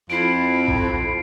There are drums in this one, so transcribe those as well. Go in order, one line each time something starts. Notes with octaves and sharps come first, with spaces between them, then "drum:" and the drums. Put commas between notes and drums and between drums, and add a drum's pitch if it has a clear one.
F2 E4 C7 D7
drum: kick A#1